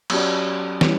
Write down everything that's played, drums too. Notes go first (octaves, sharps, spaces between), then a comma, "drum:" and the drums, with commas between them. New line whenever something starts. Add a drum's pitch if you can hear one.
F#3 C#4 G4 D5, drum: cymbal
E3 G3 C#4, drum: snare